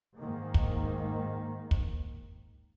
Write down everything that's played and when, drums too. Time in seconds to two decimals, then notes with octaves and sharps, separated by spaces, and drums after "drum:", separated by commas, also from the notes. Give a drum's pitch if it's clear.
0.15 G#2 D#3 A#3
0.54 drum: kick
1.71 drum: kick